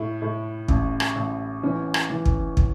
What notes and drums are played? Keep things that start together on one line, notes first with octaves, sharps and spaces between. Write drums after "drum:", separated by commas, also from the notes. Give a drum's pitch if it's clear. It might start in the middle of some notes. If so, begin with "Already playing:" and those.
Already playing: A2 E4
A2
A1, drum: kick
drum: rim click
A1
E3 C#4
drum: rim click
E3
drum: kick
drum: kick